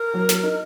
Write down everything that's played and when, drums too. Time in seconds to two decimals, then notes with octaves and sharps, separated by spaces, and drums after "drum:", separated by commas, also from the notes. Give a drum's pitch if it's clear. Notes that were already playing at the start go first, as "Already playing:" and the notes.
Already playing: A#4
0.14 F#3
0.29 F#3, drum: snare
0.43 D#4